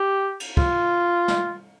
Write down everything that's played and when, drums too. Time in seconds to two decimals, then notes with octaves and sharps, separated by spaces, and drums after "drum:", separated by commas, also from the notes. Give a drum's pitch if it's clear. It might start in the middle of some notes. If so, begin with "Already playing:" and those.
Already playing: G4
0.40 drum: cymbal
0.57 F4, drum: kick
1.28 drum: snare